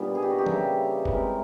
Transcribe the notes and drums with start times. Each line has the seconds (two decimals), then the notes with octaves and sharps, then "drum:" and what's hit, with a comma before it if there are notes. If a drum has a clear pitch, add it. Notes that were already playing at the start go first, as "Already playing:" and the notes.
Already playing: A#2 D#3 G3 B3 D4
0.15 G#4
0.22 G4
0.30 F#4
0.38 G4
0.46 C#3 E3 G3 A#3 A4, drum: tom
1.05 B4, drum: kick
1.10 A2 E3 G#3 C4 A#4